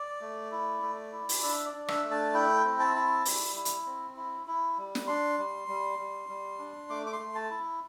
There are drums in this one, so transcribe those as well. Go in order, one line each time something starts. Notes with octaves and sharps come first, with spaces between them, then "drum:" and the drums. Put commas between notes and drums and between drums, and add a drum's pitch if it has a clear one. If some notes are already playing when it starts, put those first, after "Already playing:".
Already playing: D5
A3
E4
A3
E4
drum: open hi-hat
D4 E5
D5
D4
E5, drum: rim click
A3
A5
E4 G5
C4
A5
E4
G3, drum: open hi-hat
E4
drum: hi-hat
C4
E4
E4
G3
drum: snare
D4 C6
G3
G3
G3
G3
D4
A3 D6
D6
C6
A3
A5
E4